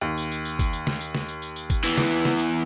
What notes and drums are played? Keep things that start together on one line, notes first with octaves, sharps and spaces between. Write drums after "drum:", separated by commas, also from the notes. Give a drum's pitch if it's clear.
D#2
drum: tambourine
drum: tambourine
drum: tambourine
drum: kick, tambourine
drum: tambourine
drum: snare
drum: tambourine
drum: snare
drum: tambourine
drum: tambourine
drum: tambourine
drum: kick, tambourine
E2 E3, drum: tambourine
drum: snare
drum: tambourine
drum: snare
drum: tambourine